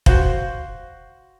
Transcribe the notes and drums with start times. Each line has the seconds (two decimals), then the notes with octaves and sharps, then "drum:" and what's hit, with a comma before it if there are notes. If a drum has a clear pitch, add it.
0.06 F#4 C5 F5, drum: kick